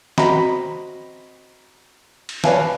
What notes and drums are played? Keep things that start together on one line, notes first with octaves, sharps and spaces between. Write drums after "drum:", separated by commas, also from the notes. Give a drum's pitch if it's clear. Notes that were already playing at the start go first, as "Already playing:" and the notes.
C4 F#4 D#5 A#5 B5, drum: snare
drum: cymbal
B4 C#5 D5 F5 G#5 A5, drum: snare